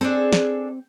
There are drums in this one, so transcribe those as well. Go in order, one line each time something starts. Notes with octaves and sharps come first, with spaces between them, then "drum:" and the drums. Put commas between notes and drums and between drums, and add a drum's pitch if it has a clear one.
C4 D4 G#4 A4
drum: snare